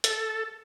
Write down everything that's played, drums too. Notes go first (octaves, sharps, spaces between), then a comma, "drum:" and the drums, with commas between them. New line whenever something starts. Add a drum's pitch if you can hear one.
A4, drum: hi-hat